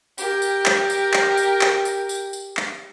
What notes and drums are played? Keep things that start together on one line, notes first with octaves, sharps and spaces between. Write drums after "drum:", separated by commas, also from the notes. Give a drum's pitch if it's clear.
G4 A#4, drum: tambourine
drum: tambourine
drum: clap
drum: tambourine
drum: clap
drum: tambourine
drum: clap
drum: tambourine
drum: tambourine
drum: tambourine
drum: clap